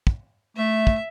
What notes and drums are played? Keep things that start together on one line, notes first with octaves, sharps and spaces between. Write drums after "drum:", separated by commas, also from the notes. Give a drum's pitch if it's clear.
drum: kick
A3 E5
drum: kick